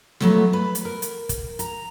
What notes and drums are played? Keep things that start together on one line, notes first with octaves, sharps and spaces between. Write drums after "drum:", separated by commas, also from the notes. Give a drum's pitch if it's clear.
F#3 G3 A3 B3 F4, drum: snare
B4
drum: hi-hat
A#4
drum: hi-hat
drum: kick, hi-hat
A#5, drum: hi-hat